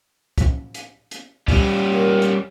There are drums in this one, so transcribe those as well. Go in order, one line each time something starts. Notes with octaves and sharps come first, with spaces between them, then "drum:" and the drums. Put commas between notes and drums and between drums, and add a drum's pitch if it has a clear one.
drum: kick, hi-hat
drum: hi-hat
drum: hi-hat
G3 C#4, drum: kick, open hi-hat
A#4
drum: hi-hat